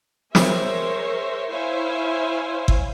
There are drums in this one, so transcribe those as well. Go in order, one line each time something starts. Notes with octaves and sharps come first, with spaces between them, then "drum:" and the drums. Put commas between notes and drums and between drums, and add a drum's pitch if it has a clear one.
G#4 A#4 C5 C#5 E5, drum: snare
E4 C5 C#5 E5 F5 G#5
drum: kick G1